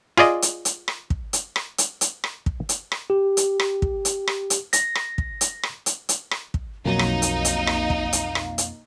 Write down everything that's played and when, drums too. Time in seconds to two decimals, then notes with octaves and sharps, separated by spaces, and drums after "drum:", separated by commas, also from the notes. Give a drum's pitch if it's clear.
0.17 F4 G#4 D5 D#5, drum: rim click
0.42 drum: hi-hat
0.65 drum: hi-hat
0.88 drum: rim click
1.10 drum: kick
1.33 drum: hi-hat
1.56 drum: rim click
1.78 drum: hi-hat
2.01 drum: hi-hat
2.24 drum: rim click
2.46 drum: kick
2.69 drum: hi-hat
2.92 drum: rim click
3.10 G4
3.37 drum: hi-hat
3.60 drum: rim click
3.82 drum: kick
4.05 drum: hi-hat
4.27 drum: rim click
4.50 drum: hi-hat
4.73 A#6, drum: hi-hat
4.95 drum: rim click
5.18 drum: kick
5.41 drum: hi-hat
5.63 drum: rim click
5.86 drum: hi-hat
6.09 drum: hi-hat
6.31 drum: rim click
6.54 drum: kick
6.85 B1 F2 F#3 A#3 D#4 F5
6.99 drum: rim click
7.22 drum: hi-hat
7.45 drum: hi-hat
7.67 drum: rim click
7.90 drum: kick
8.13 drum: hi-hat
8.35 drum: rim click
8.58 drum: hi-hat